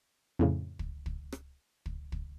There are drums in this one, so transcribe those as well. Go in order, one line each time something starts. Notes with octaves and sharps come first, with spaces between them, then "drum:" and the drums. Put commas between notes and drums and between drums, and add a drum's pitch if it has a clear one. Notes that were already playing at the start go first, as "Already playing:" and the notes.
F2 A2 C#3
drum: kick
drum: kick
drum: rim click
drum: kick
drum: kick